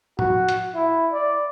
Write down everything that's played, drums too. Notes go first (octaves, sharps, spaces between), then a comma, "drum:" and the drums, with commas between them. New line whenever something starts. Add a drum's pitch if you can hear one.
F#4, drum: tom A2
drum: hi-hat
E4
D5